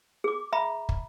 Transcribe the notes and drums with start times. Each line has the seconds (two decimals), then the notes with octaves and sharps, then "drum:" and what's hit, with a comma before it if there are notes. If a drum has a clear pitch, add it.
0.24 G#4 D6
0.53 E5 A#5 B5
0.89 drum: kick